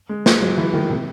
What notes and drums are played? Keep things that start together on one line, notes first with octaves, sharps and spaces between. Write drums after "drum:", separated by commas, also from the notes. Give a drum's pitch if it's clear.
G#3
G#3, drum: snare
F#3
E3
D#3
C3